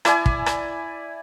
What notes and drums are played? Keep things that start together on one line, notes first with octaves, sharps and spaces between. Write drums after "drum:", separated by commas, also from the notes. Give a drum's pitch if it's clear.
E4 D5 G#5, drum: rim click
drum: kick
drum: rim click